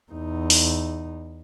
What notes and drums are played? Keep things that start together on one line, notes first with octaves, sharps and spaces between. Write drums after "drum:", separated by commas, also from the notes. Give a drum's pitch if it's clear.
E2 D#4
drum: open hi-hat